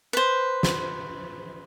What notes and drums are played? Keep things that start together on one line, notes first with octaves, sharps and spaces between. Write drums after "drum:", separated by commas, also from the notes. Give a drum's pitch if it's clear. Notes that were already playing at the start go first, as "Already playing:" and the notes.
B4 C5
drum: snare